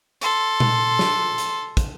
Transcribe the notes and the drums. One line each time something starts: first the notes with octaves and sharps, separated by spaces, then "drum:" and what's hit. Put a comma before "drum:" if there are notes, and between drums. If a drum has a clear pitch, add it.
A4 C6, drum: hi-hat
drum: tom A#2
drum: snare
drum: hi-hat
drum: kick, hi-hat